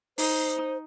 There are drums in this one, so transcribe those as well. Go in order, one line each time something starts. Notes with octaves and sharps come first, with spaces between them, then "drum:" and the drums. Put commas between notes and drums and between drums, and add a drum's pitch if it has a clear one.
D#4 C5, drum: open hi-hat